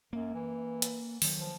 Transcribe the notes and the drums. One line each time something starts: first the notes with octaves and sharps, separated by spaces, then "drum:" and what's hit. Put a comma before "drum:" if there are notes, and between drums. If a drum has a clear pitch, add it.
F#2 A#3
E3
drum: hi-hat
D#3 F#3, drum: open hi-hat
F3